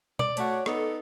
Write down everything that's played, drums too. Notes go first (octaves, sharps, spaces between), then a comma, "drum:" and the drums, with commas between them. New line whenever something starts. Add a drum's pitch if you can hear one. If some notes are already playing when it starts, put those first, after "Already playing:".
D5, drum: tom B2
A3 F#4 C#5, drum: hi-hat
B3 D#4 A4, drum: rim click